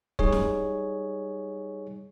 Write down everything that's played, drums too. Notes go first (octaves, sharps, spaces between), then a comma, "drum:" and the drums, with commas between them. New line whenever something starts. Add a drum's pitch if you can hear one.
G3 D#4 G#4 C#5, drum: kick
drum: snare